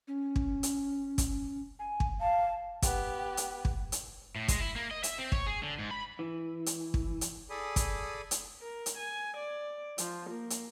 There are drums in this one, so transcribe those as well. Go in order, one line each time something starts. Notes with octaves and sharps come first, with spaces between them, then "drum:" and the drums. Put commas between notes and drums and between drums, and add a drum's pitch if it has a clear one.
C#4
drum: kick
drum: hi-hat
drum: kick, hi-hat
G#5
drum: kick
F5 A5
B3 G4, drum: kick, hi-hat
drum: hi-hat
drum: kick
drum: hi-hat
A2
G#3, drum: kick, hi-hat
E4
A#3
D#5
E5, drum: hi-hat
C4
C#5, drum: kick
G#4
D3
G#2
B5
E3
drum: hi-hat
drum: kick
drum: hi-hat
G#4 A4 D5 G#5 B5 D#6
drum: kick, hi-hat
drum: hi-hat
A#4
drum: hi-hat
G#5
D5
F3, drum: hi-hat
A#3
drum: hi-hat